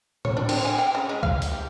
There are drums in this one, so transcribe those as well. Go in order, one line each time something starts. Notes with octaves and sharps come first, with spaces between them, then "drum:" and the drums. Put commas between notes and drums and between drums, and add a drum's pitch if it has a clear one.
C#5, drum: tom A2
D4
C4, drum: cymbal
G#5
G5
C#3
G#3
F5, drum: kick C2
drum: open hi-hat
G4